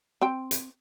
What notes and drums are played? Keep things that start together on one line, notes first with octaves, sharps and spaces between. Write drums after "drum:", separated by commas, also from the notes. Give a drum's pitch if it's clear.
C4 C5 G5
drum: hi-hat